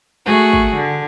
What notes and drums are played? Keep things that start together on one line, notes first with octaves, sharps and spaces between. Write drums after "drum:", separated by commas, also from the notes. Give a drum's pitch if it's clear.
A3 F#4 G#4
drum: kick G#1
D3